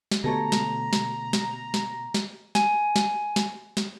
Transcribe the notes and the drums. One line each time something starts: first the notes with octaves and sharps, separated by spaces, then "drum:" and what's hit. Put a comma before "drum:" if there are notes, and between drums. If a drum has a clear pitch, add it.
drum: snare
B2 D3 A3 G4 A4 C#5 A#5 A#6
drum: snare
drum: snare
drum: snare
drum: snare
drum: snare
G#5, drum: snare
drum: snare
drum: snare
drum: snare